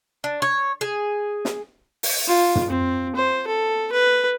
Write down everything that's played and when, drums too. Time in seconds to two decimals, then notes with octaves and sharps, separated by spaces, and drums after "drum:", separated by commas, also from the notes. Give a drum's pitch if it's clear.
0.24 D4
0.42 C#5
0.81 G#4
1.45 drum: snare
2.03 drum: open hi-hat
2.27 F4
2.55 drum: tom
2.70 C4
3.15 C5
3.47 A4
3.92 B4